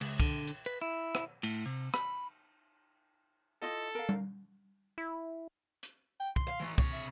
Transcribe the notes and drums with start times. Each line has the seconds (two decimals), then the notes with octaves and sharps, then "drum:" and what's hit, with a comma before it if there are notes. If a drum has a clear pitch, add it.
0.01 C#2, drum: cymbal
0.20 D3, drum: kick
0.48 drum: hi-hat
0.66 B4
0.82 E4
1.15 drum: rim click
1.43 A2, drum: cymbal
1.66 C3
1.94 B5, drum: rim click
3.62 E4 F4 A4 D#5
3.95 A#4 F5
4.09 drum: tom G3
4.98 E4
5.83 drum: hi-hat
6.20 G5
6.36 C6, drum: kick
6.48 F5
6.60 E3 A3
6.78 C3 C#5, drum: kick
6.93 E5